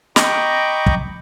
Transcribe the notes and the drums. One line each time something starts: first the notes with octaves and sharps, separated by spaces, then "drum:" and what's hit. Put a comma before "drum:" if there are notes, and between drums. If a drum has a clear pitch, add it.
D#5 G5 A#5 B5 C#6 D6, drum: snare
drum: kick